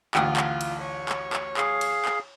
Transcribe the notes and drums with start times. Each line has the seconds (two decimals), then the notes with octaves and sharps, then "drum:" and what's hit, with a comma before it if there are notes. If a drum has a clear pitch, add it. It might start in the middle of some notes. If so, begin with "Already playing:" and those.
0.15 A1 D2 F4 F#5 G5 D#6, drum: clap
0.37 drum: clap
0.61 drum: cymbal
0.82 C#5
1.09 drum: clap
1.33 drum: clap
1.57 G#4 F5, drum: clap
1.81 drum: cymbal
2.05 drum: clap